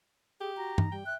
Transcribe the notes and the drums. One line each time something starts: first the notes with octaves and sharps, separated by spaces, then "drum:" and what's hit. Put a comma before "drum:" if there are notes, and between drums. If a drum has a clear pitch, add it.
G4 G#4
F#4 A#5
D#4, drum: tom G2
G3 G5
E5 F#6